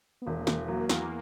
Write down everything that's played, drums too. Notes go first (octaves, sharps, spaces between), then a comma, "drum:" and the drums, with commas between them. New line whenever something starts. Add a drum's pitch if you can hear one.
B3
E1 A#3
E1, drum: snare
F#3
E2, drum: snare